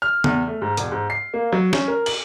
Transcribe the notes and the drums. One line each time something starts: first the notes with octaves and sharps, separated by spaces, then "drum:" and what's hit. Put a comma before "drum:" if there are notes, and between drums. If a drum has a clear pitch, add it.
F6
E2, drum: tom
A3
G#2
E1, drum: hi-hat
G#2
C7
A#3
F#3
C#4, drum: snare
A#4
F#7, drum: cymbal